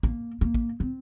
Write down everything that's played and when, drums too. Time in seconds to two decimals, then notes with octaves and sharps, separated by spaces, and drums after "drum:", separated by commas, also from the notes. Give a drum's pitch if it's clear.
0.03 A#3, drum: kick
0.41 A#3
0.54 drum: kick
0.80 C4